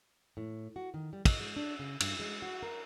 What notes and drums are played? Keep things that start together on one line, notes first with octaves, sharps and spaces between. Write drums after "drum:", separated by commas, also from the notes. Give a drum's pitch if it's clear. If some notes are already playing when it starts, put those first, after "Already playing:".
A2
F#4
D#3
G3
D#5, drum: kick, cymbal
G#3
D4
C#3
G2, drum: cymbal
G#3
F#4
A#4